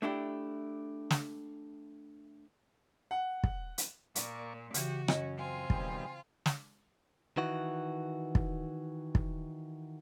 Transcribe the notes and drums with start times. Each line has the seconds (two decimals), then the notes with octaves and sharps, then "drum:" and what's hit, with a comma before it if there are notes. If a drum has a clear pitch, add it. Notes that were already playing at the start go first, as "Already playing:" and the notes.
0.02 A3 D4 E4 G4
1.10 drum: snare
3.11 F#5
3.44 drum: kick
3.78 drum: hi-hat
4.15 A#2 A#3 D5 C#6, drum: hi-hat
4.74 C#3 E3 F#4 G4, drum: hi-hat
5.08 F#2 C#4 D#5, drum: rim click
5.38 C4 F4 G#5
5.70 B2 D#3 G3, drum: kick
6.46 drum: snare
7.37 D#3 E3 F#4
8.35 drum: kick
9.15 drum: kick